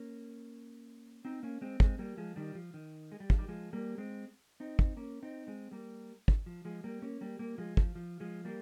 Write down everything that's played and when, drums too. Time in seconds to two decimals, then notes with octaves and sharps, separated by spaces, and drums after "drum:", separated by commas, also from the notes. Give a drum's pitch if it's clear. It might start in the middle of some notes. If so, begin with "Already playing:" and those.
Already playing: A#3 C#4
1.25 C4 D#4
1.43 A#3 C#4
1.61 G#3 C4
1.80 G#3 C4, drum: kick
1.99 G3 A#3
2.17 F3 G#3
2.36 D#3 G3
2.55 F3
2.74 D#3
3.12 G#3
3.20 G3
3.30 F3, drum: kick
3.38 D#3 G3
3.48 F3 G#3
3.73 G3 A#3
3.98 G#3 C4
4.60 C4 D#4
4.79 drum: kick
4.97 A#3 C#4
5.23 C4 D#4
5.47 G#3 C4
5.71 G3 A#3
6.28 drum: kick
6.46 F3
6.65 F3 G#3
6.84 G3 A#3
7.02 A#3 C#4
7.21 G3 A#3
7.39 G3 A#3
7.58 F3 G#3
7.77 F3, drum: kick
7.95 F3
8.20 F3 G#3
8.45 G3 A#3